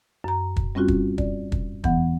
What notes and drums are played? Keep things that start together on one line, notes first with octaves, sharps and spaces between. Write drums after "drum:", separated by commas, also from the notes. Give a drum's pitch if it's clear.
F#2 A#5
drum: kick
G3 C4 C#4 F4 F#4
drum: kick
D5, drum: kick
drum: kick
E2 E3 B3 F#5, drum: kick